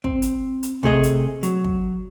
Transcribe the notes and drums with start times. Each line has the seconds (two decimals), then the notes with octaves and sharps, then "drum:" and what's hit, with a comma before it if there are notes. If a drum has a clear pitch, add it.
0.04 C4, drum: kick
0.22 drum: hi-hat
0.63 drum: hi-hat
0.83 C3 A3 G#4 D#5, drum: kick
1.03 drum: hi-hat
1.43 F#3, drum: hi-hat
1.64 drum: kick